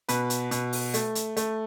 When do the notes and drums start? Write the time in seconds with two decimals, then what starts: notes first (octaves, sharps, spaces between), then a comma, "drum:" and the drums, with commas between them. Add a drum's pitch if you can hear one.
0.09 B2 B4, drum: hi-hat
0.30 drum: hi-hat
0.51 B2, drum: hi-hat
0.73 drum: open hi-hat
0.94 A3, drum: hi-hat
1.15 drum: hi-hat
1.37 A3, drum: hi-hat